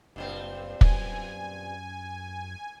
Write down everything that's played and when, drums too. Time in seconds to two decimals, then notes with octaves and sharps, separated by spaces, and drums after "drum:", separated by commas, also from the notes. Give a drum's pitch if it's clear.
0.16 F#1 G2 A#2 C4
0.81 F#2 G#5, drum: kick